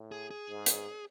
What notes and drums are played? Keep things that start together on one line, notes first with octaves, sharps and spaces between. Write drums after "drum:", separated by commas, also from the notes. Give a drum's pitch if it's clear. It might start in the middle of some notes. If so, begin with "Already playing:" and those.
Already playing: A2
G#4
G#4
G#2
drum: hi-hat